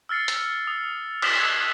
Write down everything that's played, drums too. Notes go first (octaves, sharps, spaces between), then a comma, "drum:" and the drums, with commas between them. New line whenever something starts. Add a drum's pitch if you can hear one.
E6 F6 A6 C7 C#7
drum: hi-hat
D#6
D#6 F6 A#6 B6 E7 F#7, drum: cymbal
D#6 E6 F#6 G#6 F7